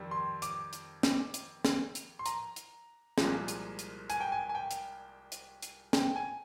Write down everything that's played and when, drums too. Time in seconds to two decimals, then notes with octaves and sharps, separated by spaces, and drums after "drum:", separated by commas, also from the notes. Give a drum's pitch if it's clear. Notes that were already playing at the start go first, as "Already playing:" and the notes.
Already playing: F2 D#3 G3
0.11 C6
0.42 D6, drum: hi-hat
0.73 drum: hi-hat
1.03 drum: snare
1.34 drum: hi-hat
1.65 drum: snare
1.95 drum: hi-hat
2.19 C6
2.26 A#5, drum: hi-hat
2.56 drum: hi-hat
3.18 C2 A#2 F3 G#3, drum: snare
3.48 drum: hi-hat
3.79 drum: hi-hat
4.10 G#5, drum: hi-hat
4.21 G5
4.32 G#5
4.49 G#5
4.55 G5
4.71 drum: hi-hat
5.32 drum: hi-hat
5.62 drum: hi-hat
5.93 G5, drum: snare
6.16 G#5